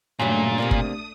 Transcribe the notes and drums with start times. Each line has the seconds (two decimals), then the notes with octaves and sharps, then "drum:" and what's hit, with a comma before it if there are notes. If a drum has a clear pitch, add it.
0.19 G2 A#2 C#3 F#3 A3 D4
0.58 C3 A#3 D4 D#6
0.71 drum: kick G1